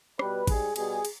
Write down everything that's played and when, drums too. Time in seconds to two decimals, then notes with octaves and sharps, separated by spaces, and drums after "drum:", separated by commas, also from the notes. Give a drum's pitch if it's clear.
0.19 B2 G3 B4, drum: rim click
0.47 G#2 G3 G#4, drum: kick, cymbal
0.76 B2 G3 G#4, drum: cymbal
1.05 drum: cymbal